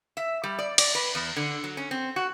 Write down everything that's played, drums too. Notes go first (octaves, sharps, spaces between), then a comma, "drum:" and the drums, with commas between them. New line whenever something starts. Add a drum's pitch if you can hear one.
E5
G3
D5
D5, drum: cymbal
B4
E2
D3
F#3
C#4
C4
F#4